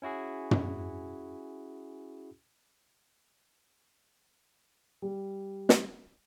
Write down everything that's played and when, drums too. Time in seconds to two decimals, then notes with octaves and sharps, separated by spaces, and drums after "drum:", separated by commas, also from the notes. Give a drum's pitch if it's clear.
0.02 C#4 E4 F#4 G#4
0.51 drum: tom
5.02 G3
5.69 drum: snare